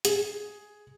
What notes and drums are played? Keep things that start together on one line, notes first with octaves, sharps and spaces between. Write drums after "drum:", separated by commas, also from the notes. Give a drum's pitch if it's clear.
G#4, drum: hi-hat